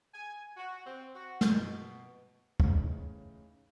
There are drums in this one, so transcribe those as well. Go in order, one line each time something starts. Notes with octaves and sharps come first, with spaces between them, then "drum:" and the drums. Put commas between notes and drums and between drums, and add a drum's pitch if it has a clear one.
G#5
F#4
C4
F#4
drum: snare
B2
A2 C#3 E3 D#4, drum: kick